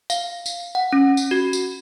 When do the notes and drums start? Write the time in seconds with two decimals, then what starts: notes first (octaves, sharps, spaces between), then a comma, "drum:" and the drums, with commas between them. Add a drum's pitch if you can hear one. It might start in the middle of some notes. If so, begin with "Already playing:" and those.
0.10 F5, drum: tambourine
0.46 drum: tambourine
0.75 F#5
0.93 C#4
1.17 drum: tambourine
1.31 F#4
1.53 drum: tambourine